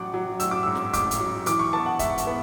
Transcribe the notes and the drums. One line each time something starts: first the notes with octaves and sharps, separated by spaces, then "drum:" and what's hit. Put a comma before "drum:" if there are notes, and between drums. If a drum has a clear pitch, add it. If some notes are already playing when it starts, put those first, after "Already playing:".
Already playing: A1 F#3 F#5 D6
F#3
A1 E6, drum: hi-hat
D6
G#2 E6
drum: snare
A1 D6, drum: kick, hi-hat
drum: hi-hat
F#3
E3 D6, drum: hi-hat
C#6
B3 A5
F#5
G#2 E5, drum: kick, hi-hat
drum: hi-hat
B3